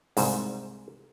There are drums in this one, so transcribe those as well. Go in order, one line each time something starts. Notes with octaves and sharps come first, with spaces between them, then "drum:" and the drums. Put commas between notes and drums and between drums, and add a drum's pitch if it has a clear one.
C2 G#2, drum: open hi-hat